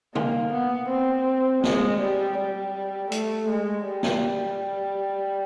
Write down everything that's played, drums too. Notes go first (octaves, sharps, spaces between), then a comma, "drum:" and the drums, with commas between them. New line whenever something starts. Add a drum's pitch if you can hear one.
A#3, drum: tom
B3
C4
G#3, drum: snare
G3
G3
A3, drum: hi-hat
G#3
G3
drum: snare